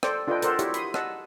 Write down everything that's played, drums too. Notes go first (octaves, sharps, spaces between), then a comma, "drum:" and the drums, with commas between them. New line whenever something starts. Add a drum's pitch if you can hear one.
A4 C5 D5 G5, drum: rim click
D4 F4 A4 B4 D#5 G5
A4 A#4 C5 D5 F#5, drum: hi-hat
E4 F#4 G4 C#5 E5, drum: hi-hat
B5 C6 D#6, drum: hi-hat
D#5 F#5 A5 E6, drum: rim click